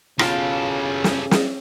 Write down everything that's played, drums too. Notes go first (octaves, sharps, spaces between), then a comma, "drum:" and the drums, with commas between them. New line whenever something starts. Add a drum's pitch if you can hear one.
B1 E2 C#3 F4 G4 A4 F5, drum: rim click
drum: snare
drum: snare